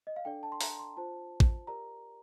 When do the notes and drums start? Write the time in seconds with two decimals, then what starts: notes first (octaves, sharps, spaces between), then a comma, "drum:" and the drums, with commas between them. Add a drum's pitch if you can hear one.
0.07 D#5
0.16 F5
0.25 D4 A4 D5 G5
0.43 A5
0.52 C6
0.61 A#5, drum: open hi-hat
0.79 C6
0.97 F4 C5 A5
1.40 drum: kick A1
1.67 G4 A#4 D5 A#5